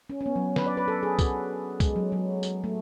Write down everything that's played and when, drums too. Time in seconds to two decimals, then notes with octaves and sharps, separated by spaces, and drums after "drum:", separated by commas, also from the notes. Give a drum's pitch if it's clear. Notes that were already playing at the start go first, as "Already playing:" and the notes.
0.10 C#4
0.21 C#4
0.26 B3
0.36 F#3
0.56 B4, drum: snare
0.67 D5
0.77 B4
0.88 A4
1.03 G#4
1.19 F#4, drum: kick C2, tambourine
1.80 G#3, drum: kick C2, tambourine
1.96 F#3
2.12 F#3
2.43 drum: tambourine
2.64 A3